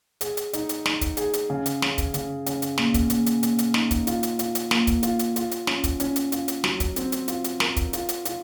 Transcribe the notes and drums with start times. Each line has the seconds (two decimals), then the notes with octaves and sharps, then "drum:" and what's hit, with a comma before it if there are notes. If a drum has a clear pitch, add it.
0.21 G#4, drum: hi-hat
0.37 drum: hi-hat
0.53 D#4, drum: hi-hat
0.69 drum: hi-hat
0.86 D#4, drum: snare
1.01 drum: kick, hi-hat
1.17 G#4, drum: hi-hat
1.34 drum: hi-hat
1.50 C#3
1.66 drum: hi-hat
1.82 C#3, drum: snare
1.98 drum: kick, hi-hat
2.14 C#3, drum: hi-hat
2.46 C#3, drum: hi-hat
2.62 drum: hi-hat
2.78 A#2, drum: snare
2.94 drum: kick, hi-hat
3.10 A#2, drum: hi-hat
3.26 drum: hi-hat
3.43 A#2, drum: hi-hat
3.59 drum: hi-hat
3.74 D#4, drum: snare
3.91 drum: kick, hi-hat
4.07 F4, drum: hi-hat
4.23 drum: hi-hat
4.39 F4, drum: hi-hat
4.55 drum: hi-hat
4.71 A#3, drum: snare
4.87 drum: kick, hi-hat
5.03 F4, drum: hi-hat
5.19 drum: hi-hat
5.36 F4, drum: hi-hat
5.51 drum: hi-hat
5.67 C#4, drum: snare
5.84 drum: kick, hi-hat
6.00 C#4, drum: hi-hat
6.16 drum: hi-hat
6.32 F4, drum: hi-hat
6.48 drum: hi-hat
6.64 F#3, drum: snare
6.80 drum: kick, hi-hat
6.96 C4, drum: hi-hat
7.12 drum: hi-hat
7.28 F4, drum: hi-hat
7.44 drum: hi-hat
7.60 A#4, drum: snare
7.76 drum: kick, hi-hat
7.93 F4, drum: hi-hat
8.09 drum: hi-hat
8.25 F4, drum: hi-hat